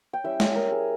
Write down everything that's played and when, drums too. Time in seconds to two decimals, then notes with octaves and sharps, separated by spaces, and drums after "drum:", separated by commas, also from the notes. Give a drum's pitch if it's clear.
0.13 G5
0.24 G3 C#4 E4 E5
0.40 G#5, drum: snare
0.55 A#4
0.72 G#4